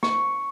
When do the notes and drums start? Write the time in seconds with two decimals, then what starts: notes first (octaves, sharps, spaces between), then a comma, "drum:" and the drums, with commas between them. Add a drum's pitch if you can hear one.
0.03 C#6, drum: snare